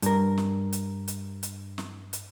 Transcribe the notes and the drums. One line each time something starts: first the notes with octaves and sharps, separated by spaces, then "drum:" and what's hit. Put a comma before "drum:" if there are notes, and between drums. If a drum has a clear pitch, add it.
G2 A#4, drum: hi-hat
drum: snare
drum: hi-hat
drum: hi-hat
drum: hi-hat
drum: snare
drum: hi-hat